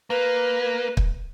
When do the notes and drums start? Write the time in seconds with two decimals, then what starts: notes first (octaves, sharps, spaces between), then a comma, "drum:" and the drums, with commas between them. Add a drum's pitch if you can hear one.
0.10 A#3 B4
0.97 drum: kick